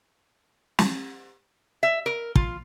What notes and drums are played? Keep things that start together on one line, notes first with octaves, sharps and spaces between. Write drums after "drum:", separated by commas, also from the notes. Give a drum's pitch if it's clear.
drum: snare
E5
A#4
F4, drum: kick